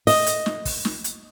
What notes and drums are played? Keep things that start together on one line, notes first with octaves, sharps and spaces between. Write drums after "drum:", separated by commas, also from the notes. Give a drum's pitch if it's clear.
D#5, drum: open hi-hat
drum: hi-hat
drum: snare
drum: kick, open hi-hat
drum: snare
drum: hi-hat